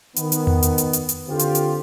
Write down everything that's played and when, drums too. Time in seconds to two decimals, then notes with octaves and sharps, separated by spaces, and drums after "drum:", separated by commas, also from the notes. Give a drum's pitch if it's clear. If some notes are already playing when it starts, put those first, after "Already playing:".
0.16 D#3 B3, drum: hi-hat
0.32 drum: hi-hat
0.47 drum: tom E2
0.63 drum: hi-hat
0.78 drum: hi-hat
0.93 drum: hi-hat
1.09 drum: hi-hat
1.29 D3 C4 F4 G4
1.39 drum: hi-hat
1.55 drum: hi-hat